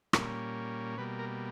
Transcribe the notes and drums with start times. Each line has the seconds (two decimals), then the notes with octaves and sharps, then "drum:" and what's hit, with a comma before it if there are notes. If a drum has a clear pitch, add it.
0.13 A#2 G3 A#3 C#4, drum: rim click
0.98 B2 G3 A#3 B4
1.19 A#4